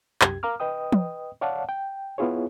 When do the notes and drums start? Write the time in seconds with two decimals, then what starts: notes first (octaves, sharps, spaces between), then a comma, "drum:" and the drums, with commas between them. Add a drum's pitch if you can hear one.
0.21 C2 F#2 G4 G#6, drum: clap
0.43 A#4 F5 A#5 D6 F6
0.60 B4 D#5 G5 D#6
0.92 drum: tom
1.41 C#5 D5 F5 F#5 A5
1.69 G5
2.18 B3 E4 F4 G#4 C#5